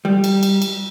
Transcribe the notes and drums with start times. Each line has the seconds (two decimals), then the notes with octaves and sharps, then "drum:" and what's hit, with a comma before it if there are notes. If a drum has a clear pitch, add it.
0.05 G3
0.24 drum: cymbal
0.43 drum: cymbal
0.62 drum: cymbal